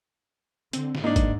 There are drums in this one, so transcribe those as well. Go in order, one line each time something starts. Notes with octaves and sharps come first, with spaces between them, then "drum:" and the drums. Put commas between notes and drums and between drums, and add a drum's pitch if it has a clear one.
D3 C4, drum: hi-hat
drum: snare
G#2 A#3 D4 D#4
drum: kick, hi-hat